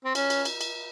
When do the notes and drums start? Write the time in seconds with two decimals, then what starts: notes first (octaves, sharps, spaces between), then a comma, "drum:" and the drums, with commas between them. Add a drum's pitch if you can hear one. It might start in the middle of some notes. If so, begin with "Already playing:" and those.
0.05 C4
0.15 C#4, drum: cymbal
0.30 drum: cymbal
0.45 drum: cymbal
0.61 drum: cymbal